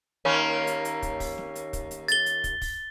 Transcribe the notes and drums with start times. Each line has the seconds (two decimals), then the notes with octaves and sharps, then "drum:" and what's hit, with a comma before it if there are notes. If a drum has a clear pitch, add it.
0.25 D#2 A#3 C#4
0.67 drum: hi-hat
0.85 drum: hi-hat
1.02 drum: kick, hi-hat
1.20 drum: kick, open hi-hat
1.38 drum: snare
1.55 drum: hi-hat
1.73 drum: kick, hi-hat
1.91 drum: hi-hat
2.08 A6 G7, drum: hi-hat
2.26 drum: hi-hat
2.44 drum: kick, hi-hat
2.61 drum: kick, open hi-hat